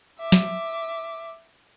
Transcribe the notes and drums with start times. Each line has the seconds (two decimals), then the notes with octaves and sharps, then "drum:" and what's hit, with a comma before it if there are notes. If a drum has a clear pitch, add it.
0.19 E5 D6
0.32 drum: snare